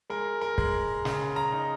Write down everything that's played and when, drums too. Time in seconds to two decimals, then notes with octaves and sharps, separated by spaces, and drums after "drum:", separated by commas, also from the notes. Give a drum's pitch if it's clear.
0.10 G#3 A#4
0.42 A#4
0.58 G#3, drum: kick
1.05 C#3, drum: snare
1.36 A#5
1.52 D#4